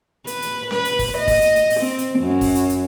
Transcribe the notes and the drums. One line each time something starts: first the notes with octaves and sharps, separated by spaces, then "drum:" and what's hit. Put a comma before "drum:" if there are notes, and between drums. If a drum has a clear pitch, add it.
B4, drum: hi-hat
drum: hi-hat
B4, drum: snare C#4
drum: hi-hat
drum: kick, open hi-hat
D#5
drum: kick, open hi-hat
drum: hi-hat
drum: hi-hat
drum: open hi-hat
C4
drum: hi-hat
F#2
drum: kick, open hi-hat
drum: hi-hat
drum: hi-hat